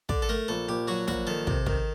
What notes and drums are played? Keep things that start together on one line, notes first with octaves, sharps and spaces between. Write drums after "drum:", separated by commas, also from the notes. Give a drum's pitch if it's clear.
D3 D5, drum: kick
A4
A3 A#4
A#1 A4
A#1 G4
F#3 F#4
A#1 F#4, drum: snare
D#3 A4
C3, drum: kick
D#3, drum: kick